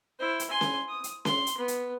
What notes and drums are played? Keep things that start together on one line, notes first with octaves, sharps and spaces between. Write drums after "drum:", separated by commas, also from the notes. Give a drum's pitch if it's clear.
E4 C5
drum: hi-hat
G#5 C6
drum: snare C#4
D#6
drum: hi-hat
C6, drum: snare C#4
drum: hi-hat
B3
drum: hi-hat